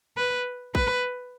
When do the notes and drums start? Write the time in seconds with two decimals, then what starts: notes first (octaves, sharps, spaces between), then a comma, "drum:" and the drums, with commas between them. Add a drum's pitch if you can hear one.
0.17 B4
0.75 B4, drum: kick